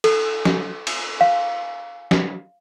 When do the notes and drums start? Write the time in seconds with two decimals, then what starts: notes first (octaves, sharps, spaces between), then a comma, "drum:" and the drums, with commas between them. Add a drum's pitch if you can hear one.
0.04 A4, drum: cymbal
0.45 drum: snare
0.87 drum: cymbal
1.21 F5
2.11 drum: snare